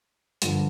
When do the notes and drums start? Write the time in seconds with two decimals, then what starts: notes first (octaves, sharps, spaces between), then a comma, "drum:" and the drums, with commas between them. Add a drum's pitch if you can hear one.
0.42 G2 D3 F3, drum: hi-hat